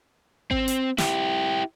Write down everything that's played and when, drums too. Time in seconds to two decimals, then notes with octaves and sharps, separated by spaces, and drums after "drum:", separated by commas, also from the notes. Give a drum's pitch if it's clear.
0.51 C4, drum: kick G#1
0.68 drum: hi-hat
0.98 E4 G4, drum: snare